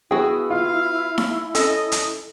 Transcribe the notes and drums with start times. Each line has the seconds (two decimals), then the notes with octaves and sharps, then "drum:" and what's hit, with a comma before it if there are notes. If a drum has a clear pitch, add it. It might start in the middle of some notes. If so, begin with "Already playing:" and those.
0.11 B3 E4 F#4 G#4 G5
0.50 F4 F5
1.18 drum: snare D#4
1.55 C#4 A4 D#5, drum: hi-hat
1.92 drum: hi-hat